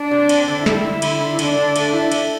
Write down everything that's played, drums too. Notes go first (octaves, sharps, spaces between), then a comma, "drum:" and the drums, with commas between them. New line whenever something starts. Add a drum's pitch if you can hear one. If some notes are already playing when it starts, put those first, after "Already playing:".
Already playing: D4
C3
C4, drum: cymbal
D3
G3 E4, drum: snare
D3
D3, drum: cymbal
D3
D3 D4, drum: cymbal
D3
A3, drum: cymbal
E4
A3, drum: cymbal